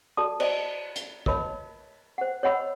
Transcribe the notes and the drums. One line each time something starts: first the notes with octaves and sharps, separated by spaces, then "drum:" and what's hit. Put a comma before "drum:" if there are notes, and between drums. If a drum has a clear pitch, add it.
F#4 A4 D5 A5 D#6
C5 D5 D#5 A5, drum: cymbal
drum: hi-hat
A#4 B4 C#5 D#5 A5 B5, drum: kick
C5 F#5
C#5 D#5 F#5 B5 E6